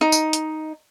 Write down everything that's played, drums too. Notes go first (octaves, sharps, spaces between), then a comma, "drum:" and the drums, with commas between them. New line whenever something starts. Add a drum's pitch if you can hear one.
D#4
drum: tambourine
drum: hi-hat